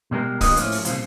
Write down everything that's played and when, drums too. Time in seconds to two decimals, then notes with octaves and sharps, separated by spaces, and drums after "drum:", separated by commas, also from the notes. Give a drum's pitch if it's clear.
0.11 B2 G3 G#3 A#4
0.41 D3 G3 A#3 F4 B4 D#5, drum: kick C#1, open hi-hat
0.57 A2 F3 A#3 C#4, drum: hi-hat
0.72 drum: open hi-hat
0.85 C2 A#2 C#3 F3, drum: hi-hat